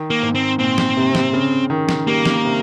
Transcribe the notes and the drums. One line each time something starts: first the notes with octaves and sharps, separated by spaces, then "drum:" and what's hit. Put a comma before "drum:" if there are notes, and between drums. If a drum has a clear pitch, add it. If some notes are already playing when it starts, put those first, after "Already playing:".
Already playing: D#3
A#3
G#2
C4
A#2 C4
drum: snare
C3
drum: snare
C#3
D#3
drum: snare
G3 A#3
drum: snare
C3